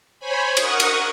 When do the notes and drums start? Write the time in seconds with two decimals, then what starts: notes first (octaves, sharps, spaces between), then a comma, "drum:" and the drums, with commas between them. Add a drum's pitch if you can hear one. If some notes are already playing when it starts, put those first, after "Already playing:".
0.19 C5 C#5 G#5 B5
0.57 A#4 F#5 C#6 D#6, drum: cymbal
0.80 drum: cymbal